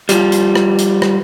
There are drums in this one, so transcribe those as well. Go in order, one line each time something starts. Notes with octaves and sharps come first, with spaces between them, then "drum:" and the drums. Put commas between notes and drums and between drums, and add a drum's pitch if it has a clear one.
F3 G3, drum: hi-hat
drum: hi-hat
drum: rim click
drum: hi-hat
drum: rim click